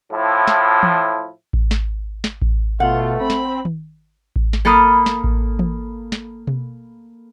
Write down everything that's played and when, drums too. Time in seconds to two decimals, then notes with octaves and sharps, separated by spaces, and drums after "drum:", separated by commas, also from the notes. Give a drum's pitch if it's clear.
0.12 A2 F3 E4
0.47 drum: snare
0.83 drum: tom E3
1.53 drum: kick A1
1.71 drum: snare
2.24 drum: snare
2.42 drum: kick A1
2.80 B2 A3 F4 F#5
3.21 C4 B5
3.30 drum: snare
3.65 drum: tom D#3
4.36 drum: kick A1
4.53 drum: snare
4.65 A#3 A4 B5 D#6 F6
5.06 drum: snare
5.24 drum: kick A1
5.59 drum: tom E3
6.12 drum: snare
6.47 drum: tom B2